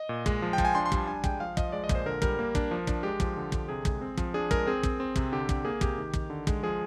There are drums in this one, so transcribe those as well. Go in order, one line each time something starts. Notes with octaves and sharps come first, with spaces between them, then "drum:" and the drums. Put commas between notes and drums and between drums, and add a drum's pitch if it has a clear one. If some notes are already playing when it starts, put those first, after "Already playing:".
Already playing: D#5
A#2
G#3, drum: kick
F3
G5
F3, drum: kick
G#5
D4 C6
C6
G3 G#5, drum: kick
D4 G#5
G#3 G5, drum: kick
F3 F5
F3 D#5, drum: kick
G#3 D5
D#5
A#2, drum: kick
C5
D3 A#4
G3 A#4, drum: kick
A#3
D4, drum: kick
F3
D4, drum: kick
G#3 G4
F3, drum: kick
D3
D3, drum: kick
C3 G#4
G#3, drum: kick
C4
F3, drum: kick
D4 G#4
G#3 A#4, drum: kick
C4 G#4
C4, drum: kick
C4
C3, drum: kick
D3 G4
D3, drum: kick
A#3 G#4
C3 G4, drum: kick
D#3
D#3, drum: kick
D3
G#3, drum: kick
F3 G#4